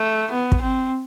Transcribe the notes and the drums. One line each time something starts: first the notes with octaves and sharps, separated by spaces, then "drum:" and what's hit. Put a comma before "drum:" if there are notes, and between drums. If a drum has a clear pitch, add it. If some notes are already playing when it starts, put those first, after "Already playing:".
Already playing: A3
B3
drum: kick
C4